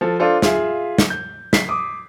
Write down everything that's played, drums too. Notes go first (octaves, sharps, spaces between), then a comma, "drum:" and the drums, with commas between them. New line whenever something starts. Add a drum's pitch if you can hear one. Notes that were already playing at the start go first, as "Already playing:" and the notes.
F3 A4
D4 F4 A4 C5
F4 G#4 E5 F5, drum: snare
drum: snare
G6
B6 C7, drum: snare
D6 D#6